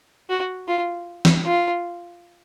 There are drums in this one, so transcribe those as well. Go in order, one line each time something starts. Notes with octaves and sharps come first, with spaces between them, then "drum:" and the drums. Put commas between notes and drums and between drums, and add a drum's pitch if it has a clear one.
F#4
F4
drum: snare
F4